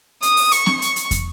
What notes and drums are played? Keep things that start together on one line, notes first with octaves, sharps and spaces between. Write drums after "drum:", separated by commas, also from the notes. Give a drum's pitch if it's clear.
D#6, drum: hi-hat
drum: open hi-hat
C#6, drum: hi-hat
drum: snare C4
C#6, drum: hi-hat
drum: hi-hat
drum: kick, hi-hat